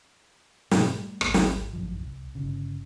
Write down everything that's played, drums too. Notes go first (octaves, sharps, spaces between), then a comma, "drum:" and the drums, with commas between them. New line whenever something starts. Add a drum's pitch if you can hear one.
G#2 B2 E3, drum: snare
G3 A3
D1 G#1, drum: rim click
drum: snare
A1 F#2 F3
C2
G1 C#3